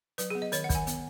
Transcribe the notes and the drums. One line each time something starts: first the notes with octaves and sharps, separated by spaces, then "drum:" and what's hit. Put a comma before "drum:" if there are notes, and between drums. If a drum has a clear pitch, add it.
F#3 B4, drum: hi-hat
B3 G#4
D#5
D#3 C#5, drum: hi-hat
F#5
D#3, drum: kick, hi-hat
G#5
B3, drum: hi-hat